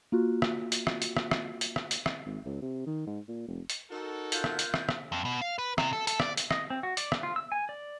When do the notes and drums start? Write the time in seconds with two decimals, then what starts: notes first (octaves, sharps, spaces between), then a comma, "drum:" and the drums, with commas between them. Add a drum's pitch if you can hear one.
0.12 A#3 F4 F#4
0.42 drum: rim click
0.72 drum: hi-hat
0.87 drum: rim click
1.02 drum: hi-hat
1.17 drum: rim click
1.31 drum: rim click
1.61 drum: hi-hat
1.76 drum: rim click
1.91 drum: hi-hat
2.06 drum: rim click
2.26 G#1
2.45 C#2
2.62 C3
2.86 D#3
3.07 G#2
3.28 A#2
3.48 F1
3.70 drum: hi-hat
3.91 D#4 F#4 A4 A#4
4.32 F4 F#6 G6, drum: hi-hat
4.44 drum: rim click
4.59 drum: hi-hat
4.74 drum: rim click
4.89 drum: rim click
5.12 F2
5.25 B2
5.41 F5
5.58 B4
5.78 C3, drum: rim click
5.93 A4
6.07 A4, drum: hi-hat
6.20 D5, drum: rim click
6.37 drum: hi-hat
6.51 D#5, drum: rim click
6.70 C4
6.83 F#4
6.97 D5, drum: hi-hat
7.12 drum: rim click
7.23 F4
7.36 E6
7.52 G#5
7.69 D5